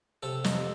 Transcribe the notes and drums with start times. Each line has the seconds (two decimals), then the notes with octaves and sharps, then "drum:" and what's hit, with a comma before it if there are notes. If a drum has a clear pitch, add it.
0.23 C3 A4
0.44 F2, drum: snare